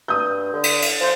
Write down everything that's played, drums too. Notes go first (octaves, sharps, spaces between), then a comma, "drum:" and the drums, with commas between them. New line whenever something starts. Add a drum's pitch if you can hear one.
G2 D#6 G6
D3
drum: cymbal
drum: cymbal
F3 C5